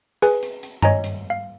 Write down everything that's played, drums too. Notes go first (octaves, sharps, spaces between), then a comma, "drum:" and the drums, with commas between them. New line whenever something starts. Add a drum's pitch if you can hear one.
G#4 B4 G#5, drum: hi-hat
drum: hi-hat
drum: hi-hat
C#5 D#5 G#5 A#5, drum: tom G2
drum: hi-hat
F5